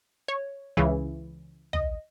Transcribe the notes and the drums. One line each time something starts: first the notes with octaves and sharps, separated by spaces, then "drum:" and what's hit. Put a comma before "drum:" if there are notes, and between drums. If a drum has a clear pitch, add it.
C#5
C#2 C#3 E3
D#5, drum: tom